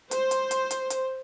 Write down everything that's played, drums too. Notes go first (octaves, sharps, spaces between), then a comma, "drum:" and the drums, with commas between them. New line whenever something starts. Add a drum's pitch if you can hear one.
C5, drum: hi-hat
drum: hi-hat
drum: hi-hat
drum: hi-hat
drum: hi-hat